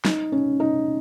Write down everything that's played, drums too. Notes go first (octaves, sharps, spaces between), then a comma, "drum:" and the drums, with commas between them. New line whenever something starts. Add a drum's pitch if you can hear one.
D#4, drum: snare
C#4
D#4